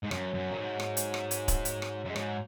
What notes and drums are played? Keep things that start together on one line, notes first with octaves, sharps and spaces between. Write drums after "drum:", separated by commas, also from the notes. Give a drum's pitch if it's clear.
G#2
F#2 F#3, drum: rim click
F#2
A#2
G#2
drum: rim click
drum: hi-hat
drum: rim click
drum: hi-hat
drum: kick D1, hi-hat
drum: hi-hat
drum: rim click
F#2 G#3
G#2 F#3, drum: rim click